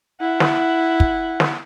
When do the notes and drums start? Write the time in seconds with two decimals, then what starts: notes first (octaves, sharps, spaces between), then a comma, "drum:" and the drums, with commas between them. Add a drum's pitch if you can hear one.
0.20 E4 F#5
0.40 drum: snare
1.00 drum: kick
1.40 drum: snare